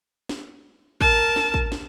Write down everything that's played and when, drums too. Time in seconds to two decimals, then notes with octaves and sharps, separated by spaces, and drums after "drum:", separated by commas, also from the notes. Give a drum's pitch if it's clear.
0.29 drum: snare
1.01 A#4 A5, drum: kick
1.36 drum: snare
1.54 drum: kick
1.72 drum: snare